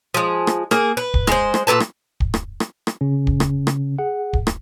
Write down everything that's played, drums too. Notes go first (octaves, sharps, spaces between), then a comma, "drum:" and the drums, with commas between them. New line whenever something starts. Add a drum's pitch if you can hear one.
F3 G#3
drum: rim click
A#3 G#4, drum: rim click
B4
drum: kick
G#3 C5, drum: rim click
drum: rim click
A#2 A4 B4 A5
drum: rim click
drum: kick
drum: rim click
drum: rim click
drum: rim click
C#3 C#4
drum: kick
drum: rim click
drum: rim click
G#4 F#5
drum: kick
drum: rim click